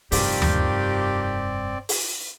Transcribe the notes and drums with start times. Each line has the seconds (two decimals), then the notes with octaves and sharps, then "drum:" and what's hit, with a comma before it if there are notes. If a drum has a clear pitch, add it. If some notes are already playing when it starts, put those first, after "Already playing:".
0.12 F1 G2 D#3 F3 C4 G4 D5, drum: open hi-hat
0.42 drum: tom D#2
1.89 drum: open hi-hat